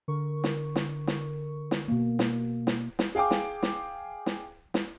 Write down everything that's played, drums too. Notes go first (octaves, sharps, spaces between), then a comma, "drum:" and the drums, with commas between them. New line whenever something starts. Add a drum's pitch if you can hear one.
D3 A#4 C#6
drum: snare
drum: snare
drum: snare
drum: snare
B2 A#3
drum: snare
drum: snare
drum: snare
G#4 F5 G5 G#5 D6
drum: snare
drum: snare
drum: snare
drum: snare